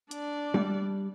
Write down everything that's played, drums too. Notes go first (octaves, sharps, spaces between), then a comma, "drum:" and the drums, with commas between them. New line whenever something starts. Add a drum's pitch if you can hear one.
D4 D5, drum: hi-hat
G3, drum: tom G3